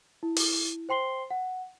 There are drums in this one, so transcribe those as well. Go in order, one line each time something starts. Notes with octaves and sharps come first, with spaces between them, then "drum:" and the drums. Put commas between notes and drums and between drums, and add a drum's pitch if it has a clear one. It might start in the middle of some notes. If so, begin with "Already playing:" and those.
E4
drum: open hi-hat
C5 G5 C6 C7 G7
F#5